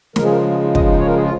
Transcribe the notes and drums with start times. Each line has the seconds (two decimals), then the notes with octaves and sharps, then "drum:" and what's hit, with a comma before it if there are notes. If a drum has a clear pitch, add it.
0.16 C#3 F3 G#3 A#4, drum: snare
0.23 G#4
0.31 A#4
0.51 G#4
0.63 D#4
0.75 D#5, drum: kick
0.87 D#4
0.98 C#5
1.07 A#4
1.14 G#4
1.22 F4